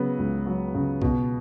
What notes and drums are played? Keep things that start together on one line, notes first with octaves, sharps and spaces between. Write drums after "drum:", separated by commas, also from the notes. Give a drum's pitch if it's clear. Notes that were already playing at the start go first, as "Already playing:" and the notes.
Already playing: C#3 F#3 B3
C#2
F#3
C#3
B2, drum: kick B1